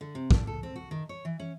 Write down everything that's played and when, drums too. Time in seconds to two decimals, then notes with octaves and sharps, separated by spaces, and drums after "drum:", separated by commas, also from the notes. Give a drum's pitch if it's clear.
0.01 D3
0.15 C3
0.31 D4, drum: kick
0.47 A4
0.63 C4
0.76 F#4
0.91 D#3
1.09 C#5
1.25 E3
1.40 C#4